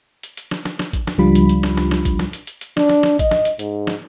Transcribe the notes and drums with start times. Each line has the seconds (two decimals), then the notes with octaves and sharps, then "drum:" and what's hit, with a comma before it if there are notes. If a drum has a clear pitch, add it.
0.23 drum: hi-hat
0.37 drum: hi-hat
0.51 drum: snare
0.65 drum: snare
0.79 drum: snare
0.93 drum: kick, hi-hat
1.07 drum: snare
1.18 C#2 F3 G3 D4 F4 B5
1.35 drum: hi-hat
1.49 drum: hi-hat
1.63 drum: snare
1.77 drum: snare
1.91 drum: snare
2.05 drum: kick, hi-hat
2.19 drum: snare
2.33 drum: hi-hat
2.47 drum: hi-hat
2.61 drum: hi-hat
2.77 D4, drum: snare
2.89 drum: snare
3.03 drum: snare
3.19 D#5, drum: kick, hi-hat
3.31 drum: snare
3.45 drum: hi-hat
3.59 G#2, drum: hi-hat
3.87 drum: snare